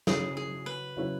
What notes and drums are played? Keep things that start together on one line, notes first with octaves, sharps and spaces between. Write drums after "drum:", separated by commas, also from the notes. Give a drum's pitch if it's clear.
C#3 F#3 E4 G#4 C#5, drum: snare
G#4
B4
C#3 F#3 E4 C#5